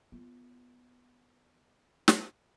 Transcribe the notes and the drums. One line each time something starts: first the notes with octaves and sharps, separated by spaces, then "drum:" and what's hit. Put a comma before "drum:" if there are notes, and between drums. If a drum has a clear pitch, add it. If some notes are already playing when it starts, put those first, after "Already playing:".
B3 F4
drum: snare